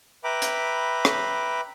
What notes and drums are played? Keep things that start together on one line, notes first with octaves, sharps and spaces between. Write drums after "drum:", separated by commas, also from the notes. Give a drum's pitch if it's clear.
B4 E5 G5 A#5 B5 D6
drum: hi-hat
drum: rim click